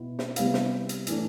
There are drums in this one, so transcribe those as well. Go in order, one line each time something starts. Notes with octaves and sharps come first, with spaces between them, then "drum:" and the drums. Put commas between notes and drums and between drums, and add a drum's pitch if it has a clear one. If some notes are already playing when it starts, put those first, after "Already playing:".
Already playing: B2 B3 E4
drum: snare
C3 G3 B3 E4 F5, drum: hi-hat
drum: snare
drum: hi-hat
A2 E3 A3 D4, drum: hi-hat